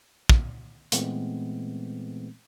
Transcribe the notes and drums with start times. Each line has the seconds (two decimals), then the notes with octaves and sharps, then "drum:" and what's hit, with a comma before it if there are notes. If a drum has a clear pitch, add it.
0.29 drum: kick
0.92 A#2 E3 G#3 A3 B3 C4, drum: hi-hat